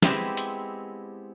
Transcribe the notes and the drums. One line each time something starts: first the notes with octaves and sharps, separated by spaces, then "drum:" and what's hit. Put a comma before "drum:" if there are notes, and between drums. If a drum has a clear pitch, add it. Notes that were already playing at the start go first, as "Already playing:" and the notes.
G#3 B3 C4 E4 G4 E5, drum: snare
drum: hi-hat